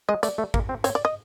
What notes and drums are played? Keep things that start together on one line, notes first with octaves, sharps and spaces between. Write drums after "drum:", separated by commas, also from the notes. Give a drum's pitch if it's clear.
G#3 D#5
A3 D5, drum: hi-hat
A3
A#3, drum: kick
C4
C4 C#5, drum: hi-hat
D5
D#5